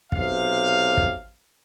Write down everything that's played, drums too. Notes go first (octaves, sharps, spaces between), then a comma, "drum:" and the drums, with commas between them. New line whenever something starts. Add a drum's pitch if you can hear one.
B1 C3 F5, drum: kick
drum: kick